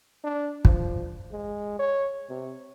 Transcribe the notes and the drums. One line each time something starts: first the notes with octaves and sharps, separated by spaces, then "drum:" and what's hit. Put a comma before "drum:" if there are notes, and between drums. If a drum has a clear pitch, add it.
D4
F3, drum: kick
G#3
C#5
C3